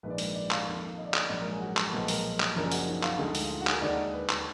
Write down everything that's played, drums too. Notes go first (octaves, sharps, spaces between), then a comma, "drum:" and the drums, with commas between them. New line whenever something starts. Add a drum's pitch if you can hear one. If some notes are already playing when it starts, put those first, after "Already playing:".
A#1 G#2 D#3 A#3 B4
D5
B4, drum: open hi-hat
D5
F5, drum: clap
F2 D#3 A#3
D#5
D5
D#5, drum: clap
A#1 G#2 F#3 A#3 D5
A#4
G#4
F#4
drum: clap
B1 A#2 F3 G#3 B4
A#4, drum: open hi-hat
drum: clap
F#1 F#2 F3 A#3 D4 A#4
G#4
F#4, drum: open hi-hat
D#4
F4, drum: clap
D2 D3 G#3 D#4
drum: open hi-hat
F4
F#4
G#4, drum: clap
A#4
D#2 D3 G#3 D#4 D5
B4
drum: clap